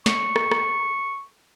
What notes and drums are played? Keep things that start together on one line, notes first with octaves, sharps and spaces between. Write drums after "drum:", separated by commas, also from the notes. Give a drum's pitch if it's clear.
C#6, drum: snare
drum: rim click
drum: rim click